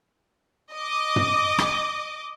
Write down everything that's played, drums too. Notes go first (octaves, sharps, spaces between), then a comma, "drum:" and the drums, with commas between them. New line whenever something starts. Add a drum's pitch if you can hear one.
D#5 D6
drum: tom
drum: rim click